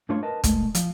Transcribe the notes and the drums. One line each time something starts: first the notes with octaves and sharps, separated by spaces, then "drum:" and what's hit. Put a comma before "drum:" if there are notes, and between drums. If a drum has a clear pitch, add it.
G2 A3 D4 F4 C#5 C6
A#4 B4 D#5 A5
A#2 G#3 A3, drum: kick, hi-hat
F3, drum: hi-hat